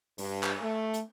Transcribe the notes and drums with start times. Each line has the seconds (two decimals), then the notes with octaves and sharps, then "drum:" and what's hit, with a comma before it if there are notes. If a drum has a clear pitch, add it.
0.18 G2, drum: open hi-hat
0.43 drum: clap
0.61 A3
0.94 drum: hi-hat